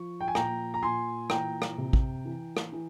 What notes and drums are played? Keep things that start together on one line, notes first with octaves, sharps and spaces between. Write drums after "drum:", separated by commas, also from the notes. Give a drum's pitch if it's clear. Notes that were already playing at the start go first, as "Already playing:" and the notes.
Already playing: F3 C#6
G5
G#5
A#2 G5 A#5, drum: rim click
A#5
A#2 G#5 C6
E3 G5 A#5, drum: rim click
drum: rim click
C3
drum: kick
E3
drum: rim click
E3